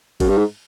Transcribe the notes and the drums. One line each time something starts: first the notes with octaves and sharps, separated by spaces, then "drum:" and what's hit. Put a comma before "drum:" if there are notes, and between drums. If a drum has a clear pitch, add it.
F#2, drum: kick G#1, cymbal
G2
G#2